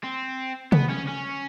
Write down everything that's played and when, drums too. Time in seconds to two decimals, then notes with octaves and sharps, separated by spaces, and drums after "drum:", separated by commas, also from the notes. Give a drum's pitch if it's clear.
0.04 C4
0.72 B3, drum: tom C3
0.89 C#4
1.07 C#4